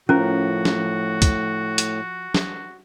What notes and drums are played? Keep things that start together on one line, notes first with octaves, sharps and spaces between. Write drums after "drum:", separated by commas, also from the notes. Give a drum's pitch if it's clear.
A2 F3 C#4 F#4 A#4
drum: snare
drum: kick C2, hi-hat
drum: hi-hat
drum: snare